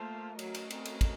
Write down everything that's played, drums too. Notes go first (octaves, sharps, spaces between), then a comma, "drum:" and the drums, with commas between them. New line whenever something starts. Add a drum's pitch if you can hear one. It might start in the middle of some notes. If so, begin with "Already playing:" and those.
Already playing: A3 A#3 F4 C5 F5
F#3 A3 C#4 F#4 A#4 D#5, drum: cymbal
drum: cymbal
C4, drum: cymbal
drum: cymbal
drum: kick, cymbal